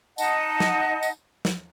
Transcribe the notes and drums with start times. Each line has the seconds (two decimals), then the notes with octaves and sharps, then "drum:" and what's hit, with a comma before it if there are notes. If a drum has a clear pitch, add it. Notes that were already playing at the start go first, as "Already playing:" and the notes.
0.18 D#4 D#5 F#5 A5, drum: tambourine
0.60 drum: snare
1.03 drum: tambourine
1.45 drum: snare